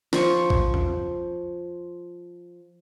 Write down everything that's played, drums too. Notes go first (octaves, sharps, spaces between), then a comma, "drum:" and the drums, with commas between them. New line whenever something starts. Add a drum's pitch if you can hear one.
F3 C5 C#6, drum: snare
drum: kick
drum: tom E2